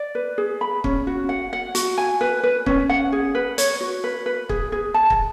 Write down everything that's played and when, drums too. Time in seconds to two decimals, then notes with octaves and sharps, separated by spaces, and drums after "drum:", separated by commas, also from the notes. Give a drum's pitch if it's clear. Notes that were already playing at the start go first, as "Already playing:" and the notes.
Already playing: D5
0.15 B4
0.38 G#4
0.61 B5
0.84 C#4, drum: kick
1.07 F#4
1.29 F#5
1.53 F#5
1.75 F#4, drum: hi-hat
1.98 G#5
2.21 B4
2.43 B4
2.66 C#4, drum: kick
2.90 F#5
3.12 G#4
3.35 B4
3.58 C#5, drum: hi-hat
3.81 F#4
4.04 B4
4.26 B4
4.49 G#4, drum: kick
4.72 G#4
4.94 A5
5.10 drum: kick